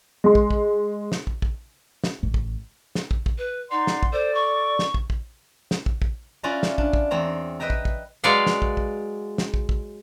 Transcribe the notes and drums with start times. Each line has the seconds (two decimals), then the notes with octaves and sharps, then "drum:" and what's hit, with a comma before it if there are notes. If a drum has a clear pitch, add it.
0.24 G#3 C6
0.35 drum: kick
0.51 drum: kick
1.12 drum: snare
1.27 drum: kick
1.42 drum: kick
2.04 drum: snare
2.23 A1
2.34 drum: kick
2.95 drum: snare
3.11 drum: kick
3.26 drum: kick
3.38 B4
3.71 D#4 D5 F#5 C6
3.87 drum: snare
4.03 drum: kick
4.13 A4 C5 D5
4.34 C#6
4.79 drum: snare
4.94 drum: kick
5.10 drum: kick
5.71 drum: snare
5.86 drum: kick
6.02 drum: kick
6.43 C#4 E4 F4 D5 F#5 A#5
6.63 drum: snare
6.78 D4, drum: kick
6.93 drum: kick
7.11 E2 C4 C#5 A#5
7.60 B4 D#5 E5 G5 A#5
7.70 drum: kick
7.85 drum: kick
8.24 F#3 G#3 B4 D5 F5 F#5
8.47 drum: snare
8.62 drum: kick
8.77 drum: kick
9.38 drum: snare
9.54 drum: kick
9.69 drum: kick